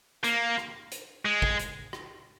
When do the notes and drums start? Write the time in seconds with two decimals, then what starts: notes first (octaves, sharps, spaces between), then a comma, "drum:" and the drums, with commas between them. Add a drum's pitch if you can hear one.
0.24 A#3, drum: hi-hat
0.58 drum: rim click
0.91 drum: hi-hat
1.25 G#3
1.42 drum: kick
1.59 drum: hi-hat
1.93 drum: rim click